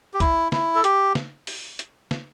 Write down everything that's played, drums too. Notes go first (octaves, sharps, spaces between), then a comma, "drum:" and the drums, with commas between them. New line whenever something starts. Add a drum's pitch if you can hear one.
G4
E4, drum: kick, hi-hat
E4, drum: snare
A4
G4, drum: hi-hat
drum: snare
drum: open hi-hat
drum: hi-hat
drum: snare